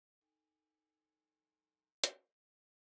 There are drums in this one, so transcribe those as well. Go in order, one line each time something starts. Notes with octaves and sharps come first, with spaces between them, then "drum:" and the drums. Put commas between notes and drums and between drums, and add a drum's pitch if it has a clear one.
D#4 A4 G5 G#5
drum: hi-hat